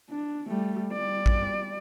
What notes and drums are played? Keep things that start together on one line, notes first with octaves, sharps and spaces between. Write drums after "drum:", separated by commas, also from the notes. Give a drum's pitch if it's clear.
D4
G3 A3
G3 D5
drum: kick A1